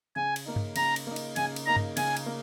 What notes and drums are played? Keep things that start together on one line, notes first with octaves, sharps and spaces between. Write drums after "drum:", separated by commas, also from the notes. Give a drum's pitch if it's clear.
C#3 G#5
drum: cymbal
A#3 D#4
drum: tom G2
C#3 A#5, drum: cymbal
drum: cymbal
A#3 D#4
drum: cymbal
C#3 G#5, drum: cymbal
drum: cymbal
A#3 D#4 A#5
drum: tom G2
C#3 G#5, drum: cymbal
drum: cymbal
A#3